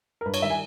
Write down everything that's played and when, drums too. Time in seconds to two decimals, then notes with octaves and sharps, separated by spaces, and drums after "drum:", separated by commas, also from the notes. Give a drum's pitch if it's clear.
0.21 A#4
0.26 G2 B4
0.34 C#5, drum: cymbal
0.42 D#3 G3 E5
0.50 G#5